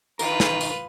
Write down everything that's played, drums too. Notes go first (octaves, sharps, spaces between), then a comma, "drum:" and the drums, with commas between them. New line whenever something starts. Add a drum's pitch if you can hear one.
D#3 E3 F4 A#4 B4, drum: tambourine
drum: snare
drum: tambourine